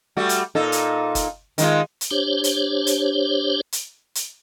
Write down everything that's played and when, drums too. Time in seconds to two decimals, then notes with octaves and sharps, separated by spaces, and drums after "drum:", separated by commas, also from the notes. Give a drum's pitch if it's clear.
0.17 G3 A3 F#4
0.29 drum: hi-hat
0.55 A#2 D#4 A4
0.72 drum: hi-hat
1.15 drum: kick F#1, hi-hat
1.58 D#3 G#3 F4, drum: hi-hat
2.01 drum: hi-hat
2.11 D4 G4 C5 C#5
2.44 drum: hi-hat
2.87 drum: hi-hat
3.72 drum: hi-hat
4.15 drum: hi-hat